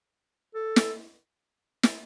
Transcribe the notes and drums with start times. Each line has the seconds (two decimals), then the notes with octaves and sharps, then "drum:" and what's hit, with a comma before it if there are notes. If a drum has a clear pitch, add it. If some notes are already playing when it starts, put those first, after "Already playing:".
0.55 A4
0.76 drum: snare
1.83 drum: snare